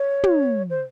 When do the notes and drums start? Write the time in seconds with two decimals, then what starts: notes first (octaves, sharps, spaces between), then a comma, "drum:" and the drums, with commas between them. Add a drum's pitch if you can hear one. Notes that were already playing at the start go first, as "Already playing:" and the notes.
Already playing: C#5
0.24 drum: tom
0.69 C5